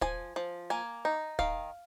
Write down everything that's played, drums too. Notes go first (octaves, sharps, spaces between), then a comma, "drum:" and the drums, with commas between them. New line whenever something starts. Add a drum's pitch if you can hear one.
F3 G#5, drum: kick
F3
A#3 G#5
D#4
D#3 F5, drum: kick